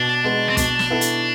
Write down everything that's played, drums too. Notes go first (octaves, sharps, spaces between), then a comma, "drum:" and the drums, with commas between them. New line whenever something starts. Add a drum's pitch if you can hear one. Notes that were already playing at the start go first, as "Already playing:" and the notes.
Already playing: B2 D4
G#3 B3
C4
B2 D4, drum: kick, hi-hat
drum: snare
B3 E4 A4
drum: hi-hat